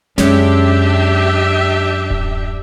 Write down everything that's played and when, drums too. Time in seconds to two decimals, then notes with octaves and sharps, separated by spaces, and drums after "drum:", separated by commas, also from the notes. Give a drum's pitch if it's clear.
0.18 F#2 G#3 C#4 D4 G4 E5, drum: snare
2.11 drum: kick D1